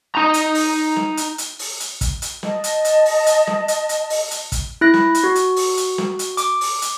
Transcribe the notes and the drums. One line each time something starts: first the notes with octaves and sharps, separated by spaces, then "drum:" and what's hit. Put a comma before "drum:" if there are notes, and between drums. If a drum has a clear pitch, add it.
D#4 A#5
drum: hi-hat
drum: open hi-hat
drum: snare
drum: hi-hat
drum: hi-hat
drum: open hi-hat
drum: hi-hat
drum: kick, hi-hat
drum: hi-hat
D#5 A5, drum: snare
drum: hi-hat
drum: hi-hat
drum: open hi-hat
drum: hi-hat
drum: snare
drum: hi-hat
drum: hi-hat
drum: open hi-hat
drum: hi-hat
drum: kick, hi-hat
E4 F#6 A#6
drum: snare
drum: hi-hat
F#4
drum: hi-hat
drum: open hi-hat
drum: hi-hat
drum: snare
drum: hi-hat
D6, drum: hi-hat
drum: open hi-hat
drum: hi-hat